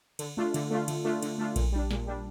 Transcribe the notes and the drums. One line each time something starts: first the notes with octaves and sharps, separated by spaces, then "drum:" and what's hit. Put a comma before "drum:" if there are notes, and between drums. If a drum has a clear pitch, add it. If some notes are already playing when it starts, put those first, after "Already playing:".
D3, drum: cymbal
A3 D4 F4
D3, drum: cymbal
A3 D4 F4
D3, drum: cymbal
A3 D4 F4
D3, drum: cymbal
A3 D4 F4
A#2, drum: kick A#1, cymbal
G3 D4
A#2, drum: snare
G3 D4